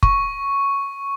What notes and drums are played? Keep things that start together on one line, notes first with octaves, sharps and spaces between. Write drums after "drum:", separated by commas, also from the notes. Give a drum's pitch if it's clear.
C#6, drum: kick